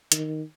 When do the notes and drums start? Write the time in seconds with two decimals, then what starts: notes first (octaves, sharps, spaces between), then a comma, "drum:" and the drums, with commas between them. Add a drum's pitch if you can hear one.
0.12 D#3, drum: hi-hat